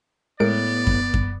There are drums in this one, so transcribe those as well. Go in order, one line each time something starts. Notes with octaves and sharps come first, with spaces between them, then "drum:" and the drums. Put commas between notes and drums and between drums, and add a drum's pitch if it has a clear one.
A2 G#3 B3 A#4 D5 D7
drum: kick F#2
drum: kick F#2